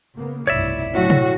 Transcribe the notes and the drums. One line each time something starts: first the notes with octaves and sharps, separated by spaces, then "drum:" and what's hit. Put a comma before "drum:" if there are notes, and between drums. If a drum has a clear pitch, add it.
C#3 A#3 B3
F1 B1 G2 E4 C#5 D5 E5
A2 D3 F#3 A3 F#4
drum: tom B2